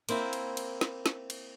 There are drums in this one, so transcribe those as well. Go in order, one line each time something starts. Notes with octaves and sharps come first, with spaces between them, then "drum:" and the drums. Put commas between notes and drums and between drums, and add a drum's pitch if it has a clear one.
A#3 C4 E4, drum: cymbal
drum: cymbal
drum: cymbal
drum: snare
drum: snare
drum: cymbal